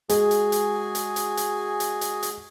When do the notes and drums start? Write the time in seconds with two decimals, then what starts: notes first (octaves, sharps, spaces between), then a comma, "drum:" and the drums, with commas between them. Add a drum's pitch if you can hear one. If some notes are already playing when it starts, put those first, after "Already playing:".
0.09 G#3 F#4 G#4 G#5, drum: hi-hat
0.31 drum: hi-hat
0.52 drum: hi-hat
0.95 drum: hi-hat
1.16 drum: hi-hat
1.37 drum: hi-hat
1.80 drum: hi-hat
2.01 drum: hi-hat
2.23 drum: hi-hat